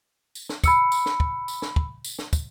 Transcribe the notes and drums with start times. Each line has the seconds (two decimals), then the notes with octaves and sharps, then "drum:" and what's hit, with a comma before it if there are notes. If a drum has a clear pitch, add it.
0.35 drum: tambourine
0.49 drum: snare
0.64 B5 E6 C#7, drum: kick, tambourine
0.92 drum: tambourine
1.06 drum: snare
1.20 drum: kick
1.48 drum: tambourine
1.62 drum: snare
1.76 drum: kick
2.05 drum: tambourine
2.19 drum: snare
2.33 drum: kick, tambourine